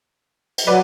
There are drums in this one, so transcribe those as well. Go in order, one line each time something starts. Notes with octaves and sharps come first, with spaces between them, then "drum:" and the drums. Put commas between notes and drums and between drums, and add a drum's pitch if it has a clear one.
drum: cymbal
F#3 B4 D5